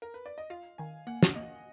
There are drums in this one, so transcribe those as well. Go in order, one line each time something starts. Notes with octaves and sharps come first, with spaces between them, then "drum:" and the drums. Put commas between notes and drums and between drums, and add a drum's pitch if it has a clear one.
A#4
B4
D5
D#5
F4 F5
D#3 G#5
A#3 F#5
drum: snare
A#3 D#5